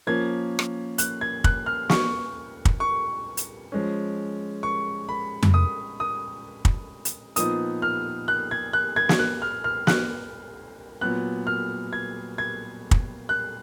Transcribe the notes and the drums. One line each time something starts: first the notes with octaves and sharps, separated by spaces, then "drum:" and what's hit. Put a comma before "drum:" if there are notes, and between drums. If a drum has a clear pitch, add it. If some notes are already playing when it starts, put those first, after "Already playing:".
F3 A#3 C#4 G#6
drum: rim click
F#6, drum: hi-hat
G#6
F#6, drum: kick
F6
C#6, drum: snare
drum: kick
C#6
drum: hi-hat
F3 G#3 C#4
C#6
B5
drum: tom F2
D#6
D#6
drum: kick
drum: hi-hat
A#2 F3 B3 D#4 D#6, drum: hi-hat
F6
F#6
G#6
F#6
G#6
drum: snare
F#6
F6
F6
F#6, drum: snare
A#2 F#3 B3 F#6
F6
G#6
G#6
drum: kick
F#6